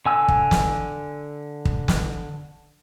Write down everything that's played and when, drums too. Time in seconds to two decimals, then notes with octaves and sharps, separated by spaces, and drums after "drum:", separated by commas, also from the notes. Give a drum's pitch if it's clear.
0.06 D3 G#5 E6
0.28 drum: kick
0.51 drum: snare
1.65 drum: kick
1.88 drum: snare